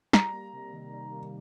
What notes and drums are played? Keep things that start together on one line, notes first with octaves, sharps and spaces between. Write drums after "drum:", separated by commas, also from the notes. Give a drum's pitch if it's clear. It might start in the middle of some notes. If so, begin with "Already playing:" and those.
G3 A#5, drum: snare
A#3
C3
D#3
G3
A#3